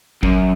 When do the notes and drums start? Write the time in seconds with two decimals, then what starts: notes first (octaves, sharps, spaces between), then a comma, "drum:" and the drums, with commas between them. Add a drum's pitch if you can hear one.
0.23 F#2, drum: kick